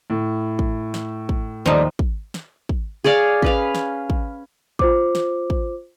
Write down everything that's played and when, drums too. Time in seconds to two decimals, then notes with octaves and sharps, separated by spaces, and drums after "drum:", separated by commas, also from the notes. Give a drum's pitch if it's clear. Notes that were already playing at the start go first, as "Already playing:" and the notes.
0.10 A2
0.59 drum: kick
0.94 drum: snare
1.29 drum: kick
1.66 D#2 F3 G3 A3 D#4
1.99 drum: kick
2.34 drum: snare
2.69 drum: kick
3.04 G#4 C#5 D5 F5
3.42 C#4 B4 F5, drum: kick
3.75 drum: snare
4.10 drum: kick
4.79 F4 C5 D6, drum: kick
5.15 drum: snare
5.50 drum: kick